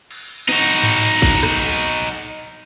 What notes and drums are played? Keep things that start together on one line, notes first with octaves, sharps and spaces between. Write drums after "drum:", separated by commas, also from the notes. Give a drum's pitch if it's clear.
drum: cymbal
D#4 F#4, drum: snare
drum: tom G#2
drum: kick A1
drum: rim click